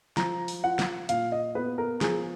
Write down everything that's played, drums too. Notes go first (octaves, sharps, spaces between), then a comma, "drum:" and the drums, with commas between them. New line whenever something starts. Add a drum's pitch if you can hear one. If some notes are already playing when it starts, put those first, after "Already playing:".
F3 A#5, drum: snare
drum: open hi-hat
F4 F#5
drum: snare
A#2 F5, drum: hi-hat
D#5
B3 B4
A#4
F3 G#4, drum: snare